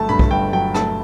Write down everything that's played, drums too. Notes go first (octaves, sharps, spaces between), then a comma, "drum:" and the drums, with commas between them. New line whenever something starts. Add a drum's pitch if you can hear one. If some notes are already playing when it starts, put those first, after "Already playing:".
Already playing: G1 F#3 A3 A5
G2 B5
drum: kick B1
G1 G5
F#3 G5
A3 A5, drum: rim click